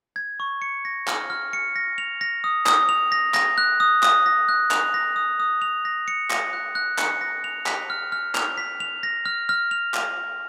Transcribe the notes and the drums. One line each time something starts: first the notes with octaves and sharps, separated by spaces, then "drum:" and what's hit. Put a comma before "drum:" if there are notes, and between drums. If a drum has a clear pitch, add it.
G#6
C#6
C#7
A#6
F6, drum: clap
F6
C#7
A#6
F7
A#6
D#6
D#6, drum: clap
F7
A#6
A#6, drum: clap
F#6
D#6
D#6, drum: clap
A#6
F#6
F7, drum: clap
A#6
D#6
D#6
F7
A#6
C#7
A#6, drum: clap
F#6
F#6
C#7, drum: clap
A#6
F7
B6, drum: clap
F6
F6
F7, drum: clap
B6
F7
A#6
F6
F6
F7
drum: clap